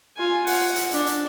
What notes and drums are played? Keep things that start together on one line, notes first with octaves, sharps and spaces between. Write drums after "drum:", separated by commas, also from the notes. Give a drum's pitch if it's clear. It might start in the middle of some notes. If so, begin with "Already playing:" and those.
F4 G#5
F#5, drum: open hi-hat
drum: hi-hat
D4, drum: hi-hat
drum: hi-hat